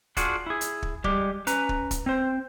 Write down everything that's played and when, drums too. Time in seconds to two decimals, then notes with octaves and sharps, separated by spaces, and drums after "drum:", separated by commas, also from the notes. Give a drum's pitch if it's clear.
0.17 D4 F4 F#4 G#4, drum: kick, hi-hat
0.46 E4 G#4
0.61 drum: hi-hat
0.82 drum: kick
1.04 G3 G#3 G4, drum: kick
1.47 C#4 B4 A#5, drum: hi-hat
1.69 drum: kick
1.91 drum: kick, hi-hat
2.06 C4 C5